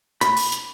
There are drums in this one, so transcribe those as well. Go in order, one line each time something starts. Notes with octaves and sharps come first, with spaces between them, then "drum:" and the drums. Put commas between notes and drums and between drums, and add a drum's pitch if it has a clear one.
B5, drum: hi-hat
drum: open hi-hat
drum: hi-hat